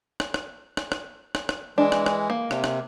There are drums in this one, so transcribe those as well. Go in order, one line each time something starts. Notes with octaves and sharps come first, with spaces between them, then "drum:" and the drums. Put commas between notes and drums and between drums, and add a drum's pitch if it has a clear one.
drum: rim click
drum: rim click
drum: rim click
drum: rim click
drum: rim click
drum: rim click
E3 G#3 D4
drum: rim click
drum: rim click
A#3
C3, drum: rim click
drum: rim click